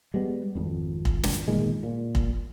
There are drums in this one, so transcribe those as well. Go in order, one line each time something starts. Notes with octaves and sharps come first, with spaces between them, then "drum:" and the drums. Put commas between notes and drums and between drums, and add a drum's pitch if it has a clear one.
G3 G#3 B3
G#1 F2
drum: kick
drum: snare
G1 A#2 D#3 G#3
A#2
drum: kick